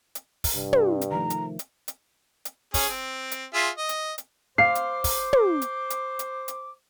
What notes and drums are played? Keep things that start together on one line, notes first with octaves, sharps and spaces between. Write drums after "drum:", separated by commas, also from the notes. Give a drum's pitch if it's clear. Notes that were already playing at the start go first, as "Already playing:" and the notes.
drum: hi-hat
drum: kick, open hi-hat
G2 C3
drum: tom
drum: hi-hat
D#3 F3 A3 A#5
drum: hi-hat
drum: hi-hat
drum: hi-hat
drum: hi-hat
C#4 G#4, drum: kick, open hi-hat
C4
drum: hi-hat
F4 G#4 E5
D#5
drum: hi-hat
drum: hi-hat
C5 F5 D6 C7
drum: hi-hat
drum: kick, open hi-hat
drum: tom
drum: hi-hat
drum: hi-hat
drum: hi-hat
drum: hi-hat